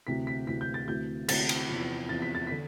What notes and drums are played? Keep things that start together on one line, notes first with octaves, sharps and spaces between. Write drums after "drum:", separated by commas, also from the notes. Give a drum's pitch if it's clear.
D2 C3 E3 B6
B6
D2 C3 E3 B6
G6
A6
D2 C3 E3 G6
D2 C3 E3 A6, drum: cymbal
drum: cymbal
E2 C3 F3
E2 C3 F3 A6
B6
A6
D3 B6